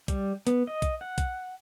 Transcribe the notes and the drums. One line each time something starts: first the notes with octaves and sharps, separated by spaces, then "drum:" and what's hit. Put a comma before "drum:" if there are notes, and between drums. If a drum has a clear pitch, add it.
G3, drum: kick B1, hi-hat
B3, drum: hi-hat
D#5
drum: kick B1, hi-hat
F#5
drum: kick B1, hi-hat